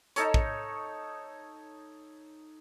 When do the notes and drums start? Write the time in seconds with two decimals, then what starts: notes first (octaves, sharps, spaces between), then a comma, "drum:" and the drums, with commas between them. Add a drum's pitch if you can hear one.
0.16 D#4 A4 C#5, drum: hi-hat
0.34 drum: kick